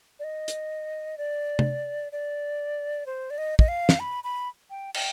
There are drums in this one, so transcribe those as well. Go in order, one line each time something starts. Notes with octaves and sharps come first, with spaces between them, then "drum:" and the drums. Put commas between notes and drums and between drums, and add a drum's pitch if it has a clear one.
D5
D#5
drum: hi-hat
D5
drum: tom C3
D5
C5
D5
D#5
D#5, drum: kick
F5
drum: snare
B5
B5
G5
G5, drum: cymbal